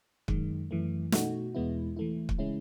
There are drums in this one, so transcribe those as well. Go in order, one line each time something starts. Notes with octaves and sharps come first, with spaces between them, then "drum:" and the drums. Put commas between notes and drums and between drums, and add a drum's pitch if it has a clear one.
F#2 D#3 G#3, drum: kick
F#2 E3 A3
B2 A3 D#4 F#4, drum: snare
E2 B2 G#3 B3 E4
E3 A3 E4
drum: kick
C#3 G#3 C#4 E4